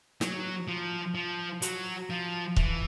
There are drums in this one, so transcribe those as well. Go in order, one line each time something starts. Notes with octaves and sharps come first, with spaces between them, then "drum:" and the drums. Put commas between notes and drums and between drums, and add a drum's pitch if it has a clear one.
F#3, drum: snare
F3
F3
F#3, drum: hi-hat
F3
E3, drum: kick C#1